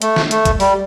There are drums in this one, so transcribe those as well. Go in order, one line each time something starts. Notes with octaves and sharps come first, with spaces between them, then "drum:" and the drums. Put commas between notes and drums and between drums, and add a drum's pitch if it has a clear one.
A3, drum: hi-hat
drum: snare
A3, drum: hi-hat
drum: kick B1, hi-hat
G3, drum: open hi-hat